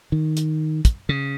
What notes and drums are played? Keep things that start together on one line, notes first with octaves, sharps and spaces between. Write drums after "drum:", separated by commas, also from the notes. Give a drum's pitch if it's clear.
D#3
drum: hi-hat
drum: kick, hi-hat
C#3